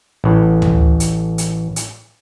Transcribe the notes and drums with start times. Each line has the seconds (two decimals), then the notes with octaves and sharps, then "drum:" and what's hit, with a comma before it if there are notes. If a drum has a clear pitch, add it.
0.24 A1 A2
0.62 drum: tom
1.00 drum: hi-hat
1.38 drum: hi-hat
1.76 drum: hi-hat